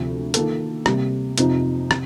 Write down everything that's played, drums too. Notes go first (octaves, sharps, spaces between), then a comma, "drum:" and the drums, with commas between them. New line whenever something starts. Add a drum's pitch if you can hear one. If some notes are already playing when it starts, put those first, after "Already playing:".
Already playing: D2 C3 F3
D#3 A#3 F4 A4, drum: hi-hat
C3 G3 A#3, drum: rim click
F2 C3 F3 C4 D#4, drum: hi-hat
C3, drum: rim click